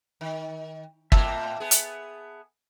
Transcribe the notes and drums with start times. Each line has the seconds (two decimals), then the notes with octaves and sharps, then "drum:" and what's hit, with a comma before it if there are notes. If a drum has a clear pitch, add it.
0.21 D#3
1.12 A2 A#3 C4 E5 A5 E6, drum: kick
1.60 B3 G#4
1.71 drum: hi-hat